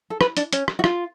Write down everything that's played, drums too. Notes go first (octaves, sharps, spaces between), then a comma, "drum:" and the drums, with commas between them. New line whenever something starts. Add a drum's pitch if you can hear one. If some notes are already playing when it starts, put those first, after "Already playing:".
A4
B4, drum: rim click
D4, drum: hi-hat
C#4, drum: hi-hat
drum: rim click
F#4
F4, drum: rim click